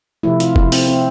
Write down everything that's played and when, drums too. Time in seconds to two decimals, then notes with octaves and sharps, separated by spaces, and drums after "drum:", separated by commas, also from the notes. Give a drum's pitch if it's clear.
0.23 C3 F3 A3 E4
0.40 F4, drum: hi-hat
0.56 E4, drum: kick F#1
0.72 C4, drum: open hi-hat
0.88 C4